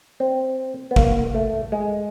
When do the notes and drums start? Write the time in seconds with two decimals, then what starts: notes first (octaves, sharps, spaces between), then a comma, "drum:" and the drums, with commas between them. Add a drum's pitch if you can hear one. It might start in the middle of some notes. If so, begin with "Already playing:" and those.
0.20 C4
0.91 B3
0.96 A#3, drum: kick
1.34 A3
1.72 G#3